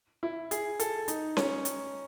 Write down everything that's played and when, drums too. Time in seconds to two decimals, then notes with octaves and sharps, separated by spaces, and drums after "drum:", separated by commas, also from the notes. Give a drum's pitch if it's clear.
0.23 E4
0.51 G#4, drum: hi-hat
0.80 A4, drum: hi-hat
1.08 D#4, drum: hi-hat
1.37 C#4, drum: snare C#4
1.65 drum: hi-hat